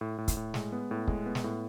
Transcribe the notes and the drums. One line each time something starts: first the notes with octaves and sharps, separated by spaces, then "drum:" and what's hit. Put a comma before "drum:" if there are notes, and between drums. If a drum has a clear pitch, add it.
A2
A2
drum: kick, hi-hat
A2
G#3, drum: snare
B3
A2
G#3, drum: kick
B3
drum: snare
A2